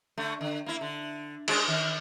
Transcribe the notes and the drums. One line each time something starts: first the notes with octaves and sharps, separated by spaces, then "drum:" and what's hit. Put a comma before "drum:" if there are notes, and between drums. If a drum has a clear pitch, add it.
D3 A3
D3
A#3 E4
D3
G#3 G#4 D5, drum: cymbal
D#3